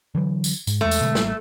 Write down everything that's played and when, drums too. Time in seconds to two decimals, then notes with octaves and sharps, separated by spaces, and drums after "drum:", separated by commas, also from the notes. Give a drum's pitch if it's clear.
0.15 D3 E3 F#3
0.44 drum: tambourine
0.67 G#2, drum: tambourine
0.81 E2 G#3 A3
0.91 drum: tambourine
1.01 B2 D3 G#3
1.15 A1 G3 A#3, drum: snare